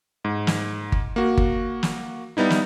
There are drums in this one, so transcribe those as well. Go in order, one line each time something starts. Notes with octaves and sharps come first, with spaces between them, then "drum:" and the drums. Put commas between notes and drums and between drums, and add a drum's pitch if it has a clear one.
G#2
drum: snare
drum: kick G1
A#3 F#4
drum: kick G1
drum: snare
G3 B3 D#4 E4
drum: snare